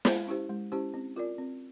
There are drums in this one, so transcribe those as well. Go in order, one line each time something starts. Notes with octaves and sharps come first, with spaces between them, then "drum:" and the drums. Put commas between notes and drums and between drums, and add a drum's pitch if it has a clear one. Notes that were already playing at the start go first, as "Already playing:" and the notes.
G#3, drum: snare
C#4 E4 G4 C5
G#3
C#4 E4 G4 C5
C4
F4 A#4 D5
C4